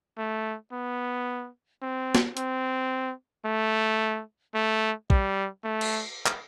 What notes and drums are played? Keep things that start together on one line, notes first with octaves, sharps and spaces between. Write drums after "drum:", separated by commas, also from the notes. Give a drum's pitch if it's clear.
A3
B3
C4
drum: snare
C4, drum: hi-hat
A3
A3
G3, drum: kick A#1
A3
drum: cymbal
drum: clap